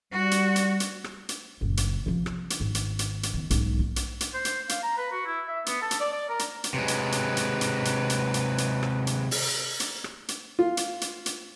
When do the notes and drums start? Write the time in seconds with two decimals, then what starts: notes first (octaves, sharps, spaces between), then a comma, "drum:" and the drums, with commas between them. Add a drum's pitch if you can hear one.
0.12 G3 F#4
0.31 drum: hi-hat
0.56 drum: hi-hat
0.80 drum: hi-hat
1.04 drum: rim click
1.29 drum: hi-hat
1.61 F#1 A#2
1.77 drum: hi-hat
2.06 C3 F3
2.26 drum: rim click
2.50 drum: hi-hat
2.60 G#1
2.75 drum: hi-hat
2.99 drum: hi-hat
3.23 drum: hi-hat
3.33 D#3 B3
3.50 B1 G#2, drum: hi-hat
3.79 A#3
3.96 drum: hi-hat
4.20 drum: hi-hat
4.34 C5
4.45 drum: hi-hat
4.69 F5, drum: hi-hat
4.83 A#5
4.97 B4
5.12 F#4
5.26 E4
5.48 E5
5.66 B3, drum: hi-hat
5.81 A4
5.91 drum: hi-hat
6.00 D5
6.12 D5
6.29 A#4
6.39 drum: hi-hat
6.64 drum: hi-hat
6.74 C3 F#3 G#3 D#4 B4
6.88 drum: hi-hat
7.12 drum: hi-hat
7.37 drum: hi-hat
7.61 drum: hi-hat
7.85 drum: hi-hat
8.10 drum: hi-hat
8.34 drum: hi-hat
8.58 drum: hi-hat
8.83 drum: rim click
9.07 drum: hi-hat
9.31 drum: open hi-hat
9.80 drum: hi-hat
10.04 drum: rim click
10.28 drum: hi-hat
10.59 F4
10.77 drum: hi-hat
11.01 drum: hi-hat
11.26 drum: hi-hat